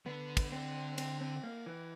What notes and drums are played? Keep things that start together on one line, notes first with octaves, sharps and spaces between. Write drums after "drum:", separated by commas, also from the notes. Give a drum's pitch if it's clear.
D3 B3
drum: kick, cymbal
C4
C4, drum: cymbal
C4
A#3
E3